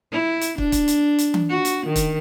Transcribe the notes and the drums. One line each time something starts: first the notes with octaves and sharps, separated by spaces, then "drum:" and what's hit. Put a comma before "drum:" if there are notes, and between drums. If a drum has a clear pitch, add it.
E4
drum: hi-hat
D4, drum: kick
drum: kick, hi-hat
drum: hi-hat
drum: hi-hat
drum: tom E3
F#4
drum: hi-hat
D#3
drum: kick, hi-hat